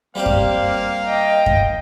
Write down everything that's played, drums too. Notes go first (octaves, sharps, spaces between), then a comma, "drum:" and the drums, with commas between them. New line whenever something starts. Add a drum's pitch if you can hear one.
G3 A#3 C4 G4 F5
drum: kick F#2
D#5 G5
drum: kick F#2